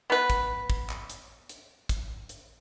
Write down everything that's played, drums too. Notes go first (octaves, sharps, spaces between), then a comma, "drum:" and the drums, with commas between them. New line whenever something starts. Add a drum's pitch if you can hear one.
B3 B4
drum: kick, hi-hat
drum: kick
drum: clap
drum: hi-hat
drum: hi-hat
drum: kick, hi-hat
drum: hi-hat